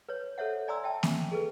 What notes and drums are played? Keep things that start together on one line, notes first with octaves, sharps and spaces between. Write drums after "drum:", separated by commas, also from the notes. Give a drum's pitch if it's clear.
B4 C#5
A4 C5 C#5 E5 F#5
D5 G#5 A#5 C6 D#6 E6
E5 G5 A5
drum: snare A#3
G#4 A4 B4